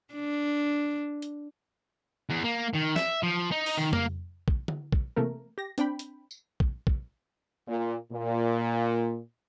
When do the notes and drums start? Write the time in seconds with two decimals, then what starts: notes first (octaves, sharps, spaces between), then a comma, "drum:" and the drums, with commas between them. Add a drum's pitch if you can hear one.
0.14 D4
1.22 drum: hi-hat
2.30 E2
2.44 A#3
2.75 D#3
2.96 E5, drum: snare
3.23 F3
3.51 D#4
3.66 drum: open hi-hat
3.77 D#3
3.93 A#3, drum: tom F2
4.48 drum: kick A#1
4.68 drum: tom D3
4.92 drum: kick A#1
5.16 C3 E3 A3 A#3 A#4
5.58 G4 A#6
5.78 C4 D4 G5 B5, drum: hi-hat
5.99 drum: hi-hat
6.31 drum: tambourine
6.60 drum: kick A#1
6.87 drum: kick A#1
7.68 A#2
8.12 A#2